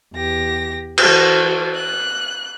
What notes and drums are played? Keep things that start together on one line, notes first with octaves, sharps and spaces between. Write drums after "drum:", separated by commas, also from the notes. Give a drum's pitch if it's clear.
E2 G4 A#6
E3 F#4 A4 C5, drum: cymbal
F#6